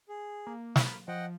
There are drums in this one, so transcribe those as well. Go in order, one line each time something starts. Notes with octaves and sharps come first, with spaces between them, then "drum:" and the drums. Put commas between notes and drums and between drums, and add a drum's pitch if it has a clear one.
G#4
A#3
B5 F6, drum: snare
F3 D#5 F#5 G5